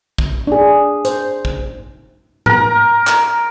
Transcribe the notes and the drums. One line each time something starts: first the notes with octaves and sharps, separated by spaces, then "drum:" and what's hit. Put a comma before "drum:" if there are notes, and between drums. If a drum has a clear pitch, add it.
drum: kick
D4 G#4
C5, drum: hi-hat
drum: kick
A#4 A#5, drum: tom G#2
drum: clap